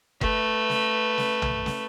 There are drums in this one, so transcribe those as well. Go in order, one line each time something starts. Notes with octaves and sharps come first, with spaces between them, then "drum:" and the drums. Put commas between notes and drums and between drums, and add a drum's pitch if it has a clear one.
A3 B4, drum: kick F#1
drum: snare
drum: snare
drum: tom
drum: snare